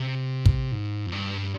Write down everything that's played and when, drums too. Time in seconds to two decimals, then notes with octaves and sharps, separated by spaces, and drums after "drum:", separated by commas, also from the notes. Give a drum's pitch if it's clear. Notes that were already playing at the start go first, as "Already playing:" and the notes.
Already playing: C3
0.46 drum: kick
0.72 G#2
1.06 F2
1.12 G2